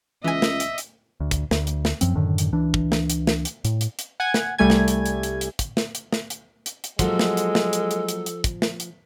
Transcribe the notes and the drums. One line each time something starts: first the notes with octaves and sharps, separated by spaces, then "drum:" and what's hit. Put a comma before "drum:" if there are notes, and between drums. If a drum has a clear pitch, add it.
C#2 E3 D#5 E5 G#5
drum: snare
drum: hi-hat
drum: hi-hat
D2
drum: kick, hi-hat
D2, drum: snare
drum: hi-hat
drum: snare
F#2 F3 C4, drum: hi-hat
F#2 A2 D3 D#3
drum: hi-hat
C#2 E3 D4
drum: kick
drum: snare
drum: hi-hat
drum: snare
drum: hi-hat
A2, drum: hi-hat
drum: hi-hat
drum: hi-hat
F#5 G#5 G#6
drum: snare
C2 G3 A3 G#5 G#6
drum: snare
drum: hi-hat
drum: hi-hat
drum: hi-hat
drum: hi-hat
drum: kick, hi-hat
drum: snare
drum: hi-hat
drum: snare
drum: hi-hat
drum: hi-hat
drum: hi-hat
F3 F#3 G#3 A#3 A4, drum: kick, hi-hat
drum: snare
drum: hi-hat
drum: snare
drum: hi-hat
drum: hi-hat
drum: hi-hat
drum: hi-hat
drum: kick, hi-hat
drum: snare
drum: hi-hat